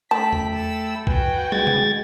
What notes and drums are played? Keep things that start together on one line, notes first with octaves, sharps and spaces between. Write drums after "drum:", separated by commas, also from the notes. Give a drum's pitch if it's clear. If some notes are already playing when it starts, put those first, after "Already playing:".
A3 G5 A5 B5 B6
drum: tom E2
A4 E6
F#4 B4 G5 G#5, drum: kick B1
G#3 G#6 A6, drum: tom
drum: tom C3